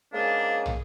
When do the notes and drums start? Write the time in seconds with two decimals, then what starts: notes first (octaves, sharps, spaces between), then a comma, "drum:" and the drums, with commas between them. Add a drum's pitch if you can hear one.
0.13 G#2 C#3 A#3 D4 G#4
0.66 drum: tom